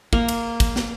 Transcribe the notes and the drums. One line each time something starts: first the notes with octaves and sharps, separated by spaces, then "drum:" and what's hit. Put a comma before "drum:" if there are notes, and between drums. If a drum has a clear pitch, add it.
A#3, drum: kick
drum: cymbal
drum: kick, cymbal
drum: snare